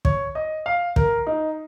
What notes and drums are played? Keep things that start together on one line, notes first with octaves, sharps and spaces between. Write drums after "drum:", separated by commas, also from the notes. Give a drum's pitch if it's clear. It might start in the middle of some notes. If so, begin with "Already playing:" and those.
C#5, drum: kick
D#5
F5
A#4, drum: kick
D#4